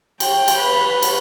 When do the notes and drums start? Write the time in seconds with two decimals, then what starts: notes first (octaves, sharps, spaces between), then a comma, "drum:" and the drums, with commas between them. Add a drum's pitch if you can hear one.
0.20 G5, drum: cymbal
0.48 drum: cymbal
0.57 B4
1.02 drum: cymbal